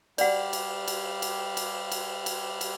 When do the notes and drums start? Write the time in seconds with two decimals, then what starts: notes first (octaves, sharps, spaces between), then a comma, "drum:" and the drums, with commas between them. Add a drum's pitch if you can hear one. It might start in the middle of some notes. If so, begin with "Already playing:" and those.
0.18 G3 G4 D5 F5 F#5, drum: cymbal
0.53 drum: cymbal
0.88 drum: cymbal
1.22 drum: cymbal
1.57 drum: cymbal
1.92 drum: cymbal
2.26 drum: cymbal
2.61 drum: cymbal